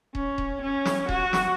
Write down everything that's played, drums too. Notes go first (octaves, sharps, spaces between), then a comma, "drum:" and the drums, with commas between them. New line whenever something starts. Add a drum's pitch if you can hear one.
C#4, drum: kick D#1
drum: kick D#1
C#4
drum: snare
F#4, drum: kick D#1
drum: snare